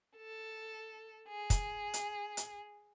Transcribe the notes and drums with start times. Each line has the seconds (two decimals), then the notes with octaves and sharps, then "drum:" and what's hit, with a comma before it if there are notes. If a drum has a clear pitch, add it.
0.17 A4
1.28 G#4
1.50 drum: kick, hi-hat
1.94 drum: hi-hat
2.37 drum: hi-hat